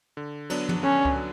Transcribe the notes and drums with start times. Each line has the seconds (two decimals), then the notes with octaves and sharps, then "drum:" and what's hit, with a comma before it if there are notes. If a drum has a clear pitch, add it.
0.17 D3
0.50 F#3 B3 D4, drum: cymbal
0.69 drum: tom
0.83 D3 C#4
1.05 drum: kick C#2
1.16 F#3